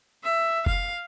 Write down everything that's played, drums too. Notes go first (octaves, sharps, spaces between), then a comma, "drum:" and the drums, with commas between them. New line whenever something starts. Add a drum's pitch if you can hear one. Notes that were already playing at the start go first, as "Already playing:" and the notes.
E5
F5, drum: kick F#1